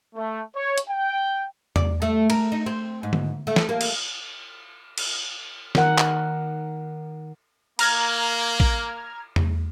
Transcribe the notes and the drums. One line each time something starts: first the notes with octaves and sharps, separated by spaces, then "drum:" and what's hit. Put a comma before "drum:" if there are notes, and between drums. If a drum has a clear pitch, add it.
A3
C#5
drum: hi-hat
G5
D5, drum: tom E2
A3
A#4, drum: cymbal
D#4
C4
G#2
drum: tom D3
A3
drum: snare
A#3
drum: cymbal
drum: cymbal
D#3 A#4 F#5, drum: snare
drum: clap
A#3 A#5 F6 G#6, drum: cymbal
drum: kick
drum: tom E2